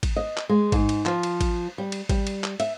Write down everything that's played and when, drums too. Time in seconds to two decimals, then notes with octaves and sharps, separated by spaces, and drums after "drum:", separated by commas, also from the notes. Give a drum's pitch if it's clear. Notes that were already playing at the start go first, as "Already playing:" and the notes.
0.03 drum: kick A1, cymbal
0.16 D#5
0.37 drum: clap
0.49 G#3
0.72 G#2, drum: kick A1, cymbal
0.89 drum: cymbal
1.06 F3, drum: clap
1.23 drum: cymbal
1.41 drum: kick A1, cymbal
1.78 G3
1.92 drum: cymbal
2.09 G3, drum: kick A1, cymbal
2.27 drum: cymbal
2.44 drum: clap
2.60 E5, drum: cymbal